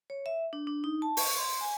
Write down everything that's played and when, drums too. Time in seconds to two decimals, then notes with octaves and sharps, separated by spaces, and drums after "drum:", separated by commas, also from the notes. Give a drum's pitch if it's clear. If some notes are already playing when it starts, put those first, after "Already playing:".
0.10 C#5
0.26 E5
0.53 D4
0.67 D4
0.84 D#4
1.02 A5
1.17 C#6, drum: open hi-hat
1.37 C6
1.61 G#5